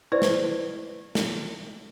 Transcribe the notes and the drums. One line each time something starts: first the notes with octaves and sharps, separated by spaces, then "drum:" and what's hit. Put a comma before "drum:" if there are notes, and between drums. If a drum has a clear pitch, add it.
E4 B4 C5 D5
drum: snare
drum: snare